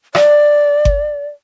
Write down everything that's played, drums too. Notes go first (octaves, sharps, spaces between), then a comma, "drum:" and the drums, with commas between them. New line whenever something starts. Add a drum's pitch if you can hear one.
D5, drum: rim click
drum: kick G1